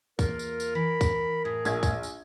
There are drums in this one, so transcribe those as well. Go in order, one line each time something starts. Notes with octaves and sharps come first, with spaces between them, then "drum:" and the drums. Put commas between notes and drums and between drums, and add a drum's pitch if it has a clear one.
E2 A#3 F4 A#4, drum: kick, tambourine
drum: tambourine
drum: tambourine
E3 B5
drum: kick, tambourine
A2 G#4
A#1 G#6, drum: tambourine
drum: kick, tambourine
drum: tambourine